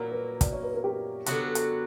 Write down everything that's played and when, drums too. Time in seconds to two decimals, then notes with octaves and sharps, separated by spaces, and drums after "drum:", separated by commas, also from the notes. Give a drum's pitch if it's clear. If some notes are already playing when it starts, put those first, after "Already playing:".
Already playing: A#2 F#3 A#3 E4 F#4 A#4
0.11 B4
0.41 D5, drum: kick, hi-hat
0.53 C#5
0.63 B4
0.74 A#4
0.84 G4
1.26 D3 F#3 B3 F#4, drum: hi-hat
1.55 drum: hi-hat